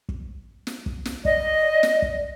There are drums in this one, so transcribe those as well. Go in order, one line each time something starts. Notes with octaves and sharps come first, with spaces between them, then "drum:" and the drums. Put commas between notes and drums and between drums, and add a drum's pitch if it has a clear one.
drum: kick
drum: snare
drum: kick
drum: snare
D5 D#5, drum: kick
drum: snare
drum: kick